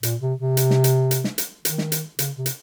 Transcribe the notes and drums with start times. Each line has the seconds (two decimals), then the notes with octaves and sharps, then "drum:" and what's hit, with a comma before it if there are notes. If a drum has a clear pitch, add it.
0.03 A#2, drum: hi-hat
0.21 C3
0.39 C3
0.57 drum: hi-hat
0.70 drum: snare
0.84 drum: hi-hat
1.11 drum: hi-hat
1.24 drum: snare
1.38 drum: hi-hat
1.65 D#3, drum: hi-hat
1.78 drum: snare
1.92 drum: hi-hat
2.19 C#3, drum: hi-hat
2.37 C3
2.46 drum: hi-hat